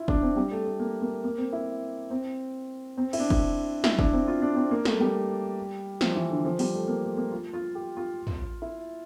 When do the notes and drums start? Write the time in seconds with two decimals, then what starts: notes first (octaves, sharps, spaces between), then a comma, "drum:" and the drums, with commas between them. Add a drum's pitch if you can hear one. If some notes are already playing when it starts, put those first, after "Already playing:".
Already playing: E4 F4
0.08 D4, drum: kick
0.22 C4
0.36 G3
0.51 A3
0.66 A3
0.80 A#3
1.02 A#3
1.24 A#3
1.38 C4
1.53 E4
2.11 C4
2.97 C4
3.13 E4, drum: cymbal
3.19 D4
3.30 drum: kick
3.84 E4, drum: snare
3.99 D4, drum: kick
4.13 C4
4.28 F4
4.42 D4
4.56 C4
4.71 A#3
4.85 A3, drum: snare
5.00 G3
6.01 F3, drum: snare
6.15 E3
6.31 D3
6.45 F3
6.59 G3, drum: open hi-hat
6.74 A3
6.88 A#3
7.03 A3
7.17 A#3
7.32 F4
7.53 F4
7.75 G4
7.97 F4
8.27 drum: tom
8.62 E4